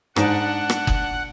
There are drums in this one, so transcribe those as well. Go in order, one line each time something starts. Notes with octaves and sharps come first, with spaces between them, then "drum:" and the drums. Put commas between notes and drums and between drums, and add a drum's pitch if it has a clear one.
G#2 D4 F#5, drum: rim click
drum: rim click
drum: kick F#1